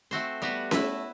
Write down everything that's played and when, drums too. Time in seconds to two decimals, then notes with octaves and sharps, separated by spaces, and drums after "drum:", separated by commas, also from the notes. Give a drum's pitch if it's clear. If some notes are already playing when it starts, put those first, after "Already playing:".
0.11 A3 C4 F#4 C5
0.42 G3 B3 F#4 B4
0.71 A3 E4 B4 E5, drum: snare C#4